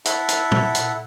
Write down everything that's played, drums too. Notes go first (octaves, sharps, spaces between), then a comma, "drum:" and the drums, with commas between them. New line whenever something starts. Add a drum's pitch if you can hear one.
E4 A4 E5 F#5, drum: hi-hat
drum: hi-hat
drum: tom
drum: hi-hat